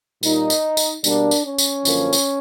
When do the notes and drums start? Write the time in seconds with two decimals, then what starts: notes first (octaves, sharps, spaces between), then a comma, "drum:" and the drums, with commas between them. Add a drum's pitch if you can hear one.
0.23 A#2 G3 A#3 D#4, drum: tambourine
0.50 drum: tambourine
0.77 drum: tambourine
1.04 B2 G3 A#3 D4, drum: tambourine
1.31 drum: tambourine
1.45 C#4
1.58 drum: tambourine
1.85 F#2 D3 F3 A#3, drum: tambourine
2.13 drum: tambourine